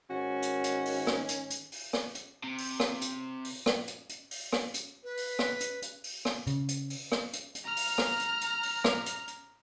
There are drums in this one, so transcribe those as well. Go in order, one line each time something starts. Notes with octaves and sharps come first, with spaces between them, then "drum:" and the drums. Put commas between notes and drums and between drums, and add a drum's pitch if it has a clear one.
G#2 D#3 C#4 F#4
drum: hi-hat
drum: hi-hat
drum: open hi-hat
drum: rim click
drum: hi-hat
drum: hi-hat
drum: open hi-hat
drum: rim click
drum: hi-hat
C3
drum: open hi-hat
drum: rim click
drum: hi-hat
drum: open hi-hat
drum: rim click
drum: hi-hat
drum: hi-hat
drum: open hi-hat
drum: rim click
drum: hi-hat
B4
drum: open hi-hat
drum: rim click
drum: hi-hat
drum: hi-hat
drum: open hi-hat
drum: rim click
C#3, drum: hi-hat
drum: hi-hat
drum: open hi-hat
drum: rim click
drum: hi-hat
drum: hi-hat
A#5 F6
drum: open hi-hat
drum: rim click
drum: hi-hat
drum: hi-hat
drum: open hi-hat
drum: rim click
drum: hi-hat
drum: hi-hat